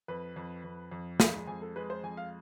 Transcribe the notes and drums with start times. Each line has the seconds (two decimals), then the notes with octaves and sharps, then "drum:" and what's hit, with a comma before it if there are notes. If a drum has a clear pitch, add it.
0.08 F2 B4
0.36 F2
0.64 F2
0.92 F2
1.20 G#3 G#5, drum: snare
1.47 F2 G#5
1.62 A4
1.76 G#3 B4
1.90 C5
2.03 F2 G#5
2.17 F5